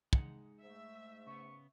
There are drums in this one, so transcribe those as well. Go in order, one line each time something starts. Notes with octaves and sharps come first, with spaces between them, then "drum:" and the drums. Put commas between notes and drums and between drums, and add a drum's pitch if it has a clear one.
G#3 D#4 F#5, drum: kick
G#2 A3 E5
C#3 B3 C#6